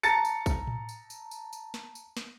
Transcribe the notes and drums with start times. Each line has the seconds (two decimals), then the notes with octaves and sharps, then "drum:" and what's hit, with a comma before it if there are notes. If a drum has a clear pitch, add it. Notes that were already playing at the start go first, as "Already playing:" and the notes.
0.03 A5 A#5 A6 C#7, drum: tambourine
0.25 drum: tambourine
0.46 drum: kick A#1, tambourine
0.67 drum: tom A2
0.89 drum: tambourine
1.10 drum: tambourine
1.31 drum: tambourine
1.53 drum: tambourine
1.74 drum: snare
1.95 drum: tambourine
2.17 drum: snare